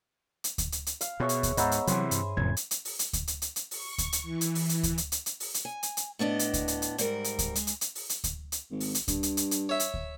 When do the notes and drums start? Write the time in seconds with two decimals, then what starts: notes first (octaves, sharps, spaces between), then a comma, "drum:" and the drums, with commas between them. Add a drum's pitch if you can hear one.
0.44 drum: hi-hat
0.58 drum: kick D2, hi-hat
0.72 drum: hi-hat
0.86 drum: hi-hat
1.01 F5, drum: hi-hat
1.20 B2 G#4 C#5 E5
1.29 drum: hi-hat
1.43 drum: kick D2, hi-hat
1.57 G#2 B3 D#5 E5 A#5 E6, drum: hi-hat
1.72 drum: hi-hat
1.87 C3 D#3 E3 F#3 C5 G#5, drum: hi-hat
2.11 G2, drum: hi-hat
2.37 F#1 F2 A2 G#6
2.57 drum: hi-hat
2.71 drum: hi-hat
2.85 drum: open hi-hat
2.99 drum: hi-hat
3.13 drum: kick D2, hi-hat
3.27 drum: hi-hat
3.42 drum: hi-hat
3.56 drum: hi-hat
3.71 C#6, drum: open hi-hat
3.98 drum: kick D2, hi-hat
4.13 drum: hi-hat
4.22 E3
4.41 drum: hi-hat
4.55 drum: open hi-hat
4.69 drum: hi-hat
4.83 drum: kick D2, hi-hat
4.98 drum: hi-hat
5.12 drum: hi-hat
5.26 drum: hi-hat
5.40 drum: open hi-hat
5.54 drum: hi-hat
5.65 G#5
5.83 drum: hi-hat
5.97 drum: hi-hat
6.19 A2 B3 D4 D#5
6.39 drum: hi-hat
6.54 drum: kick D2, hi-hat
6.68 drum: hi-hat
6.82 drum: hi-hat
6.98 G#2 G3 A#4, drum: hi-hat
7.24 drum: hi-hat
7.39 drum: kick D2, hi-hat
7.56 G#3, drum: hi-hat
7.67 drum: hi-hat
7.81 drum: hi-hat
7.95 drum: open hi-hat
8.09 drum: hi-hat
8.24 drum: kick D2, hi-hat
8.52 drum: hi-hat
8.71 G#1
8.80 drum: open hi-hat
8.95 drum: hi-hat
9.08 G2, drum: kick D2, hi-hat
9.23 drum: hi-hat
9.37 drum: hi-hat
9.51 drum: hi-hat
9.69 C#5 E5
9.80 drum: hi-hat
9.94 drum: kick D2